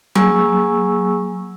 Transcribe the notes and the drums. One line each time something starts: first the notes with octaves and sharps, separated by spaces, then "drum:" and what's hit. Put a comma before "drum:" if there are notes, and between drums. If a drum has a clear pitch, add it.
F#3 A#3 G#4 G#5 C#6 E6, drum: tom F#3